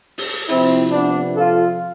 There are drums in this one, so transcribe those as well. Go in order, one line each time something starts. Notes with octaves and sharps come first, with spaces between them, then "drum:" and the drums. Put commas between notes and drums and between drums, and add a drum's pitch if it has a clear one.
drum: open hi-hat
C3 F3 C4 E4, drum: hi-hat
B3 D4
F4 A4